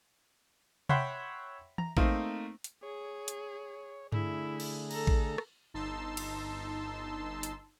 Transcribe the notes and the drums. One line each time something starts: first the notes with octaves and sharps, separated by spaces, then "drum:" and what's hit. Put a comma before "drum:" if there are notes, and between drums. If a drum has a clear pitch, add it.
C#5 E5 F#5 G5 B5 C6, drum: tom C3
A#5, drum: tom E3
A3 A#3 C4 D#4 A#4, drum: kick A1
drum: hi-hat
G#4 C#5
drum: hi-hat
D3 A3 E4 G#4, drum: tom G2
drum: cymbal
A4 A#5, drum: cymbal
drum: kick A1
drum: rim click
G1 D#4 A5 C6 E6
drum: cymbal
drum: hi-hat